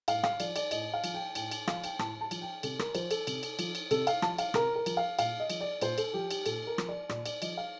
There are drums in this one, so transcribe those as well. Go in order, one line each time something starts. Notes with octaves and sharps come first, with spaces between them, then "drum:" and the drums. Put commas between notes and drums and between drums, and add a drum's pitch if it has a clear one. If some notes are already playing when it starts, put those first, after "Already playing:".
A2 F5, drum: cymbal
F5, drum: rim click
F3 D5, drum: cymbal
D5, drum: cymbal
A2 D#5, drum: cymbal
F5
F3, drum: cymbal
G5
A2 G5, drum: cymbal
drum: cymbal
F3 F5, drum: rim click
G5, drum: cymbal
A2 A5, drum: rim click
A5
F3, drum: cymbal
G5
C3 A4, drum: cymbal
A#4, drum: rim click
F3 C5, drum: cymbal
A4, drum: cymbal
C3, drum: cymbal
drum: cymbal
F3, drum: cymbal
drum: cymbal
C3 A4, drum: cymbal
F5, drum: cymbal
F3 A5, drum: rim click
F5, drum: cymbal
C3 A#4, drum: rim click
A#4
F3, drum: cymbal
F5
A#2 F5, drum: cymbal
D#5
F3, drum: cymbal
D5
A#2 C5, drum: cymbal
A4, drum: cymbal
F3 G4
G4, drum: cymbal
A#2 A4, drum: cymbal
A#4
F3, drum: rim click
D5
A#2 D5, drum: rim click
D5, drum: cymbal
F3 D#5, drum: cymbal
F5